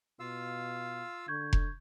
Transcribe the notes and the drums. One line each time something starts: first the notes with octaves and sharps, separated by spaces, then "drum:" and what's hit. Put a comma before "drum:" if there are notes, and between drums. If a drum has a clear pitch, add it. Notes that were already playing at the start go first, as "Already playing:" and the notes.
B2 F4 F5 E6
D3 C#6 G6 G#6
drum: kick F1